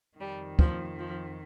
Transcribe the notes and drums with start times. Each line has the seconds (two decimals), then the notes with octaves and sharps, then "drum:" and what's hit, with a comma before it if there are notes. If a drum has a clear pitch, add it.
0.18 F2 D#3 G3
0.59 F3, drum: kick
0.99 F3